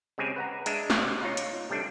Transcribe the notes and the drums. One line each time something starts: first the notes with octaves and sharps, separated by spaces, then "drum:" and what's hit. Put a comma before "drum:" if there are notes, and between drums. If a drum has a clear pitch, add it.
C#3 G#3 C4 G4 G#5
B4 F#5 A#5
G#3 D4 E5, drum: hi-hat
drum: snare
C3
D#4 F4 C#5
drum: hi-hat
C3 G3 A3 D4